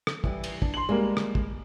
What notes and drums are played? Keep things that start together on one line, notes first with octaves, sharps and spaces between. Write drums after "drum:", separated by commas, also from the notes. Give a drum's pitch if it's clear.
drum: rim click
E3 G3, drum: kick
drum: cymbal
D4, drum: kick
C6 F#7
G3 G#3 A#3
drum: rim click
drum: kick